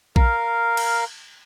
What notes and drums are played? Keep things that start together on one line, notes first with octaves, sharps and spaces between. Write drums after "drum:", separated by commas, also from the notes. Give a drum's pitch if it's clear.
A#4 F5, drum: kick A#1
drum: cymbal